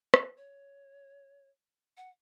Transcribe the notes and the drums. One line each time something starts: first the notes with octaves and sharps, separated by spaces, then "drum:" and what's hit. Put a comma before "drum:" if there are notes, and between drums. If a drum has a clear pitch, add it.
B4, drum: rim click
C#5
F#5